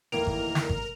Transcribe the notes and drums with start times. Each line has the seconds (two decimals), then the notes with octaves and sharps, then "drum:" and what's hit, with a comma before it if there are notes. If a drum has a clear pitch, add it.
0.12 F1 D#3 E3 A#3 E4 A#4 D7 F7
0.27 drum: kick G#1
0.55 drum: snare
0.69 drum: kick G#1